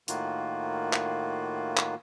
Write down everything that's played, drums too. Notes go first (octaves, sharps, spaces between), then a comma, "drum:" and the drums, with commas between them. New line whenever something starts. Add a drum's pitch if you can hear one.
A2 D#3 A#3 F4 F#4, drum: hi-hat
drum: clap
drum: clap